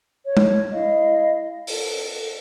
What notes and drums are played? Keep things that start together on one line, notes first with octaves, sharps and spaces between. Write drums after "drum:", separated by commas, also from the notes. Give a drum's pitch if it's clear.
C#5
drum: tom G#3
E4 D#5 F5
A4, drum: open hi-hat